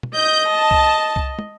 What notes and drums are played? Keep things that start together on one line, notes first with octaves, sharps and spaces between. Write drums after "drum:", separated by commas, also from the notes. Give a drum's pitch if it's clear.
drum: tom
D#5 G6
A5
drum: kick C2
drum: kick C2
drum: tom